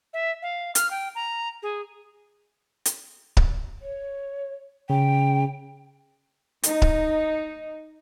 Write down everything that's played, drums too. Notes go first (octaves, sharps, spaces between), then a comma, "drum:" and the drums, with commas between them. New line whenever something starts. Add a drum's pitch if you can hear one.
E5
F5
F6, drum: hi-hat
G5
A#5
G#4
drum: hi-hat
drum: kick C#1
C#5
C#3 G5
D#4, drum: hi-hat
drum: kick C#1